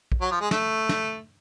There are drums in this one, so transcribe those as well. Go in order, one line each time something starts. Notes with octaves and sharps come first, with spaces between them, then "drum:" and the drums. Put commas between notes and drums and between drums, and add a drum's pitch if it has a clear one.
drum: kick A#1
F#3
F3
G#3
A3, drum: snare
drum: snare